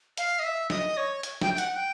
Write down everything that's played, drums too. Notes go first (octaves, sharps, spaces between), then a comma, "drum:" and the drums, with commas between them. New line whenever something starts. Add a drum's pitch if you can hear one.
F5, drum: hi-hat
D#5
E5
D#5, drum: snare
C#5
drum: hi-hat
G5, drum: snare
G5
F#5, drum: hi-hat
G5